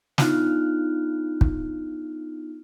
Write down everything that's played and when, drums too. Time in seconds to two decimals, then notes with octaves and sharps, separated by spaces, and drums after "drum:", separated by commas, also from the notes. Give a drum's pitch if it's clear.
0.18 B3 D4 D#4 F4 F6 F#6, drum: snare
1.41 drum: kick